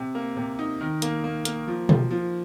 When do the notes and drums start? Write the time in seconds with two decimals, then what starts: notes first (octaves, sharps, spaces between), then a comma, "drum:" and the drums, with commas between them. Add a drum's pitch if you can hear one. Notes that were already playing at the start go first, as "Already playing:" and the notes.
Already playing: C3
0.15 A#3
0.37 C3
0.59 D#4
0.81 D#3
1.02 A#3, drum: hi-hat
1.24 A#3
1.45 A#3, drum: hi-hat
1.67 F3
1.89 F3, drum: tom B2
2.10 F3